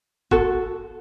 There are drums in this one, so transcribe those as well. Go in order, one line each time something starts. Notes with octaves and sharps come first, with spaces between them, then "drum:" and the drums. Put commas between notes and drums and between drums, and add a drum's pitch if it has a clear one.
F#4 A4, drum: kick F#1